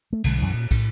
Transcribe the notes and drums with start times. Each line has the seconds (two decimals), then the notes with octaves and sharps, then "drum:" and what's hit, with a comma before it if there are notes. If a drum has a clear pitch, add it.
0.13 A3
0.24 B1 D3 D#3 G#3, drum: cymbal
0.38 B1 F#2 E3
0.54 A#2
0.71 A2, drum: kick, cymbal